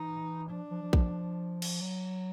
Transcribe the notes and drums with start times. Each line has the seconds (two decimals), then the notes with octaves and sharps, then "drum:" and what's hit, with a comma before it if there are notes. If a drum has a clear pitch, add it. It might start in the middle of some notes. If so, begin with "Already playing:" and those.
Already playing: E3 D#4
0.49 F3 D4
0.71 F3
0.82 F3
0.93 F3, drum: kick A#1
1.62 drum: cymbal
1.81 F#3